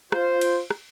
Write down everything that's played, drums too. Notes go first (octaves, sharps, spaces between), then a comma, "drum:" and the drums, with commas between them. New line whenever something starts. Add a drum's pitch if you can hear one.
F4 C5, drum: rim click
drum: cymbal
drum: rim click